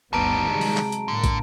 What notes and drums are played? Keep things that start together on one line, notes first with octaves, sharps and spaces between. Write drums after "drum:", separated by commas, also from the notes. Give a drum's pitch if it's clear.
G1 D2 D#3 G3 B3 A5 A#5 D7
C3 F#3 G#3
drum: open hi-hat
drum: clap
drum: hi-hat
A2 D3 A#3
drum: kick, hi-hat